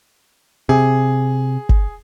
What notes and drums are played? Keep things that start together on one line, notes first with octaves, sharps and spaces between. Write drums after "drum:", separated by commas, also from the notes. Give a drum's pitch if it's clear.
C3 G#4
drum: kick G1